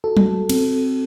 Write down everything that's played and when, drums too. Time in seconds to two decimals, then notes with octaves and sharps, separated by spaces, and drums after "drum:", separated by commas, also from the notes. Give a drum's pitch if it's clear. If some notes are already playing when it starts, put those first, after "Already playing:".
0.04 F#4 A4
0.17 drum: tom F#3
0.49 C4, drum: cymbal